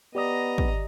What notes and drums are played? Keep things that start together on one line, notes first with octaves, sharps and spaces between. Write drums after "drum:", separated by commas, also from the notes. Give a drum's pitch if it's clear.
B3 G4 D5 D#5 A#5 D#6
drum: kick